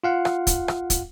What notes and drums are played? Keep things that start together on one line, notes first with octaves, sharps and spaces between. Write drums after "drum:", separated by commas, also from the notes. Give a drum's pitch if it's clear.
F4 F5 F#5
drum: rim click
drum: kick, hi-hat
drum: rim click
drum: kick, hi-hat